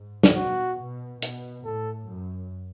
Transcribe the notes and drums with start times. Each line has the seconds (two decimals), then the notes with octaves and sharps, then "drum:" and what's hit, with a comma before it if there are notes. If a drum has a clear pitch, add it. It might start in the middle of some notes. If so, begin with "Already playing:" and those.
Already playing: G#2
0.23 drum: snare
0.35 B2 F#4
0.79 B2
1.22 B2, drum: hi-hat
1.65 A2 A4
2.08 F#2